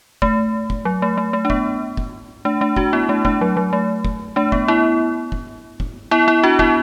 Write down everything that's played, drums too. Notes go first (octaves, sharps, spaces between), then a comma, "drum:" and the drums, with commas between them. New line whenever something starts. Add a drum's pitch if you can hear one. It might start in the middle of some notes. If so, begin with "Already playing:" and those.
A3, drum: kick
drum: kick
F#3
A3
A3
A3
D4
B3, drum: kick
drum: kick
A3 D4
A3 D4
D4 F#4, drum: kick
B3 E4
A3 D4
A3 D4, drum: kick
F#3
F#3
A3
drum: kick
A3 D4
B3, drum: kick
B3 E4
drum: kick
drum: kick
B3 E4
B3 E4
D4 F#4
B3 E4, drum: kick